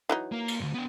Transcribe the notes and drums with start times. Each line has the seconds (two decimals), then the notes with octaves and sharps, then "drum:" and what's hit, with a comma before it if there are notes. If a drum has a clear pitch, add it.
0.09 E3 F#3 D#4
0.32 A#3
0.48 drum: cymbal
0.60 D2 G2
0.74 B3 G5